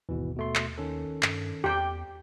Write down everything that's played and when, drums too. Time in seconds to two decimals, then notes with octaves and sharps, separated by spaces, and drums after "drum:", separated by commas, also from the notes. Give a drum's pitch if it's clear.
0.09 G#1 D#2 B2 E3
0.37 B2 A3 C6
0.55 drum: clap
0.78 D#3 C#4 A4
1.23 G2, drum: clap
1.64 E2 G4 G5